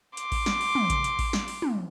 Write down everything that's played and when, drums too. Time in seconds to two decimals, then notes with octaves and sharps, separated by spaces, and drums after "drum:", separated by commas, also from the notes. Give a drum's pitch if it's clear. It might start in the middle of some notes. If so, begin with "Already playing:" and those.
0.17 C6 D6, drum: hi-hat
0.32 drum: kick A1, open hi-hat
0.46 drum: snare
0.61 drum: open hi-hat
0.75 drum: tom
0.90 drum: kick A1, hi-hat
1.04 drum: hi-hat
1.19 drum: kick A1, open hi-hat
1.33 drum: snare
1.48 drum: open hi-hat
1.62 drum: tom